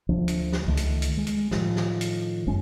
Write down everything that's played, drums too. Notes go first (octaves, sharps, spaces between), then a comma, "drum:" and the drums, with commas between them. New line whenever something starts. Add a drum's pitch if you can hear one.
D2 F3 D4
drum: hi-hat
drum: snare
C#2 D#3 A3
drum: hi-hat
drum: hi-hat
G#3
drum: hi-hat
A2 D#3 F3, drum: snare
drum: snare
drum: hi-hat
G1 F#2 G#3 C#4